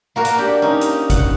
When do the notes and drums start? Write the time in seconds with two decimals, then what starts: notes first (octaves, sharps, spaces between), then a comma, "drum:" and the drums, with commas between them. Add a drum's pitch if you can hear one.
0.16 A#3 F#4 A#4
0.25 drum: hi-hat
0.38 D4 G4 G5
0.62 C#4 D#4
0.82 drum: hi-hat
1.10 F#5, drum: kick G#1, hi-hat